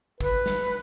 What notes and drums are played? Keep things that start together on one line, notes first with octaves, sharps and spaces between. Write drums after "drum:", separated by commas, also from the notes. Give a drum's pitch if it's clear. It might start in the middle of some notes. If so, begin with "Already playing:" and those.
B4, drum: kick
drum: snare